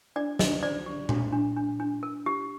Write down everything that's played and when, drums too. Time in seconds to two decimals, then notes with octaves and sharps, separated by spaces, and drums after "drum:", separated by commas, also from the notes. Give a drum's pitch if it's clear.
0.16 D4 D5
0.39 D4 D#5, drum: snare
0.63 C5 D5
0.86 G4
1.09 D4, drum: tom A#2
1.33 D4
1.57 D4
1.80 D4
2.03 A#4
2.26 G4